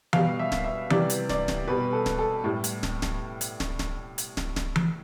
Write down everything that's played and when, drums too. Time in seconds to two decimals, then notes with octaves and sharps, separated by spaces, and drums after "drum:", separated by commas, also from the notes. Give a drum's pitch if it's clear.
0.13 B2 G3 F5, drum: tom E3
0.39 E5
0.52 drum: snare
0.64 E5
0.90 C3 E3 G3 D5, drum: tom E3
1.10 drum: hi-hat
1.29 D5, drum: snare
1.48 drum: snare
1.68 B2 G3 B4
1.93 A4
2.06 drum: snare
2.19 A4
2.44 A2 G3
2.64 drum: hi-hat
2.83 drum: snare
3.02 drum: snare
3.41 drum: hi-hat
3.60 drum: snare
3.79 drum: snare
4.18 drum: hi-hat
4.37 drum: snare
4.56 drum: snare
4.76 drum: tom E3